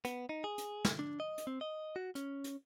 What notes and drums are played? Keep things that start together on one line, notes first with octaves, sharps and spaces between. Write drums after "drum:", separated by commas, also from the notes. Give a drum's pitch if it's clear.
B3, drum: hi-hat
D#4
G#4
drum: hi-hat
drum: snare
D4
D#5
drum: hi-hat
C4
D#5
F#4
C#4, drum: hi-hat
drum: hi-hat